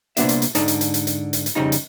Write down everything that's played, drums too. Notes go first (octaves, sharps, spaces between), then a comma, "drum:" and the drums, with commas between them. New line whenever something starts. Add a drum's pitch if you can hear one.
C2 A#2 F3 B3 D4 E5, drum: hi-hat
drum: hi-hat
drum: hi-hat
G#2 D3 D#4 D5 A5, drum: hi-hat
drum: hi-hat
drum: hi-hat
drum: hi-hat
drum: hi-hat
drum: hi-hat
drum: hi-hat
F2 C#3 G3 D#4 A#5
drum: hi-hat